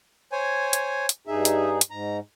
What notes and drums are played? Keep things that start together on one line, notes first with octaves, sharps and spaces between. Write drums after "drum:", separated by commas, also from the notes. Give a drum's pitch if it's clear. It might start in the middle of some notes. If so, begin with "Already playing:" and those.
C5 C#5 G#5
drum: hi-hat
drum: hi-hat
G2 D#4 G#4 E5
drum: hi-hat
drum: hi-hat
G#2 A#5